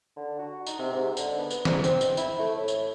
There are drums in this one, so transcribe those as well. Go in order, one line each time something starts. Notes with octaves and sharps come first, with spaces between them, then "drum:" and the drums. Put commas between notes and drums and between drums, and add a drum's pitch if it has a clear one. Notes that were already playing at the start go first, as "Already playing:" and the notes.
D3
F#4
D#4, drum: tambourine
C3
G#2
D3, drum: tambourine
B3
drum: tambourine
G#2, drum: snare
C4, drum: tambourine
drum: tambourine
E4, drum: tambourine
A3
A2
drum: tambourine